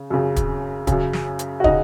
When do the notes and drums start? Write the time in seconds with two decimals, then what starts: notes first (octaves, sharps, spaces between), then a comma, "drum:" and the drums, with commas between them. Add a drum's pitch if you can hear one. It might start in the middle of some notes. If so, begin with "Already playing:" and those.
Already playing: C#3
0.10 F#2 C#3
0.36 drum: kick, hi-hat
0.87 F#2 C#3, drum: kick, hi-hat
1.13 drum: snare
1.39 drum: hi-hat
1.60 F#4
1.64 C#3 D#4, drum: kick